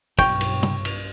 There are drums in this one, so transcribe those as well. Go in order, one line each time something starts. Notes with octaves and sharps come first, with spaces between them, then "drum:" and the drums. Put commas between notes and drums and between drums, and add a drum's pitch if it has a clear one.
B1 G2 G5 C#6, drum: kick, cymbal
drum: cymbal
drum: tom
drum: cymbal